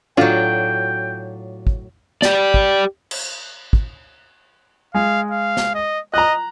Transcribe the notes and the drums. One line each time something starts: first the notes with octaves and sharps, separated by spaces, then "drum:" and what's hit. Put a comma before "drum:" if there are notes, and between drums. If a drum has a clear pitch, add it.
A2 F#3 D4 F4 F#4 G5
drum: kick
G4 D5, drum: snare
drum: kick
drum: cymbal
drum: kick
G#3 F5
F5
drum: snare
D#5
D#5 A#5 F#6